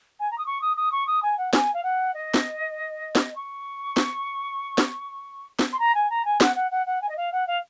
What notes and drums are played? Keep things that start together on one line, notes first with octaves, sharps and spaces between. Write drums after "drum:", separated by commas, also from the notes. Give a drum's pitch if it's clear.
G#5
A#5
D#6
C#6
D#6
D#6
C#6
D#6
G#5
F#5
G#5, drum: snare
F5
F#5
D#5
drum: snare
drum: snare
C#6
drum: snare
drum: snare
drum: snare
C6
A#5
G#5
A#5
G#5
F#5, drum: snare
F#5
F#5
F#5
G#5
D#5
F5
F#5
F5